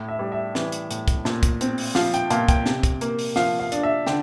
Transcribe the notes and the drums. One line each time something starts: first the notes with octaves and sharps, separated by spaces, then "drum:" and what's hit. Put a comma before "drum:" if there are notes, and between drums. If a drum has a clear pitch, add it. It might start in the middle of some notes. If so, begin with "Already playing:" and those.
Already playing: A2
E5
G3
E5
E3, drum: snare
drum: hi-hat
A2, drum: hi-hat
drum: kick, hi-hat
A#2, drum: snare
drum: kick, hi-hat
C4, drum: hi-hat
drum: open hi-hat
F3 F5, drum: snare
G5, drum: hi-hat
A#2 F5, drum: hi-hat
G5, drum: kick, hi-hat
C3, drum: snare
drum: kick, hi-hat
A#3, drum: hi-hat
drum: open hi-hat
F3 F5, drum: snare
F5
D4, drum: hi-hat
E5
D3 G5, drum: snare